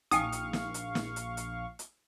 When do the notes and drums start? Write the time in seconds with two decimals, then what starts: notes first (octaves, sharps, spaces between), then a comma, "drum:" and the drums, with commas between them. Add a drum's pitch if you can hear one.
0.11 A#1 D#4 F5 G5 G#5 C#6 D#6, drum: hi-hat
0.32 drum: hi-hat
0.53 drum: snare
0.74 drum: hi-hat
0.95 drum: snare
1.16 drum: hi-hat
1.37 drum: hi-hat
1.79 drum: hi-hat